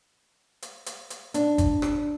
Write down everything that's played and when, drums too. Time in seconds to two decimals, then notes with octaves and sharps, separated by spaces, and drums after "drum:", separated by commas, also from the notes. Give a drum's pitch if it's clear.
0.62 drum: hi-hat
0.86 drum: hi-hat
1.10 drum: hi-hat
1.34 D4, drum: hi-hat
1.58 drum: kick, hi-hat
1.82 drum: rim click